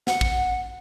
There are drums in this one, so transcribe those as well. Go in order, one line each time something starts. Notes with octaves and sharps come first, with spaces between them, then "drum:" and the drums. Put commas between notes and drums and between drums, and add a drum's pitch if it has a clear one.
F#5, drum: snare
drum: kick